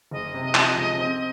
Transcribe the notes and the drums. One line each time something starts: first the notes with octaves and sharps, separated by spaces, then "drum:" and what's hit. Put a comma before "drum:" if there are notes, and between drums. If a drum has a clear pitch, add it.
F#1 D#5
C3
F3, drum: clap
C#2
C4